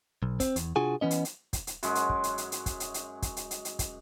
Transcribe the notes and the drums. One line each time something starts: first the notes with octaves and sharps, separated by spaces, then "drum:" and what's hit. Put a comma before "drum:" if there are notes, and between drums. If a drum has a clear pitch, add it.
B1
C4, drum: kick, hi-hat
E2, drum: hi-hat
C3 D4 F4 F#4 G#4 G#5
E3 B3 C#4 D#5
drum: hi-hat
drum: hi-hat
drum: kick, hi-hat
drum: hi-hat
F#2 G#3, drum: hi-hat
drum: hi-hat
drum: kick
drum: hi-hat
drum: hi-hat
drum: hi-hat
drum: kick, hi-hat
drum: hi-hat
drum: hi-hat
drum: kick, hi-hat
drum: hi-hat
drum: hi-hat
drum: hi-hat
drum: kick, hi-hat